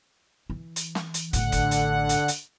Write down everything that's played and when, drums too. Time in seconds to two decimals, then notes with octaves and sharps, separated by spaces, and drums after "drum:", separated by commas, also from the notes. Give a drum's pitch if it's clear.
0.50 E3
0.76 drum: hi-hat
0.95 drum: snare
1.14 drum: hi-hat
1.33 A1 A2 D3 F#5, drum: kick, hi-hat
1.52 drum: kick, hi-hat
1.71 drum: hi-hat
2.09 drum: hi-hat
2.28 drum: hi-hat